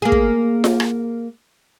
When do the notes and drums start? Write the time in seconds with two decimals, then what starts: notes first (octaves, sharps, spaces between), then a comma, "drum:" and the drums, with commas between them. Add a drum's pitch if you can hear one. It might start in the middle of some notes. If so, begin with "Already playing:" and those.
0.02 A#3 G#4
0.12 drum: kick
0.64 drum: snare
0.80 drum: rim click